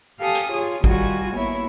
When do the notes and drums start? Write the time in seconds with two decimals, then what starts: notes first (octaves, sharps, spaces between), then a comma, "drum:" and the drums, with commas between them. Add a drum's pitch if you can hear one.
0.19 G4 A4 F5 G#5 D#6
0.35 drum: hi-hat
0.51 F4 G#4 C#5
0.84 D#3 G3 F4 F#4 G#5, drum: kick G#1
1.34 A#3 B3 E4 C#5 E5